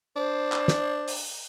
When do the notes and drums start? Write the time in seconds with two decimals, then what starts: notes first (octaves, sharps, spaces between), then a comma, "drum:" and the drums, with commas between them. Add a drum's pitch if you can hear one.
0.17 D4 C5
0.52 drum: clap
0.68 drum: snare
1.08 drum: open hi-hat